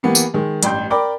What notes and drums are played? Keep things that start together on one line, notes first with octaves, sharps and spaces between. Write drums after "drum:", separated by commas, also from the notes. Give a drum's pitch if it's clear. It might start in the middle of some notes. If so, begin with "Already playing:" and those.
E3 A#3 B3 G4
drum: tambourine
D#3 G#3
A1 G2 G5 C6 G6, drum: hi-hat
A#4 D5 G5 B5 D6